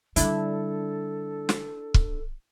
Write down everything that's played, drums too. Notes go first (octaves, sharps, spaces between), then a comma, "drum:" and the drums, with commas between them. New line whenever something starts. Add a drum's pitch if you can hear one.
D3 G3 D4 E4 A4, drum: hi-hat
drum: snare
drum: kick